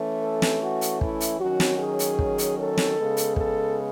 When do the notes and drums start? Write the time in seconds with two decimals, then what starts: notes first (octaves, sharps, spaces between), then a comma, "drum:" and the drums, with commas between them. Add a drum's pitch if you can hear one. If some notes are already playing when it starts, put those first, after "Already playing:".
Already playing: E3 A3 C#4
0.22 A4
0.42 drum: snare
0.62 F#4
0.81 drum: hi-hat
1.01 E4, drum: kick
1.21 drum: hi-hat
1.40 D#3 F#3 C#4 F#4
1.60 drum: snare
1.79 G#4
1.99 drum: hi-hat
2.19 drum: kick
2.38 drum: hi-hat
2.58 A4
2.78 drum: snare
2.97 C#3 G#3 B3
3.17 drum: hi-hat
3.36 A4, drum: kick